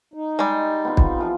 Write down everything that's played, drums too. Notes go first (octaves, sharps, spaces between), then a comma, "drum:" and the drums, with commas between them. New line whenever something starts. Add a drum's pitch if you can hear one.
D#4
G3 G#3
B3 C4 F4
drum: kick
E3 F3 F4